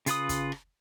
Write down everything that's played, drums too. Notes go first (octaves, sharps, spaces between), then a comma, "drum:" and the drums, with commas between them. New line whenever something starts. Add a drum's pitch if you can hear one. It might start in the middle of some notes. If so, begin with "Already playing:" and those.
C#3 F4 B4 D#6, drum: hi-hat
drum: kick, hi-hat
drum: rim click